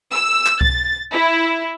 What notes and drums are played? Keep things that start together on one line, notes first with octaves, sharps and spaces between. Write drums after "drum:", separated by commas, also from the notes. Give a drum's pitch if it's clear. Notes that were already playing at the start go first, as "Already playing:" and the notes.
E6
drum: clap
A6, drum: kick C2
E4